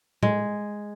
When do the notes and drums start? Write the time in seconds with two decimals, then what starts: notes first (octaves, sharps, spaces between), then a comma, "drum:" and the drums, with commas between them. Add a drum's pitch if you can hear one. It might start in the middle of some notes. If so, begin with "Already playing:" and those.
0.23 G#3, drum: tom A2